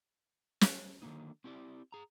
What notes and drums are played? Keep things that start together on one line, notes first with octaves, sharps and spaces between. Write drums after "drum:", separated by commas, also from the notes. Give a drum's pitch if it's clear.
drum: snare
D3 D#3 F3 F#3 A#3 D#4
C4 E4 G4 C#5 D5
G#4 A#5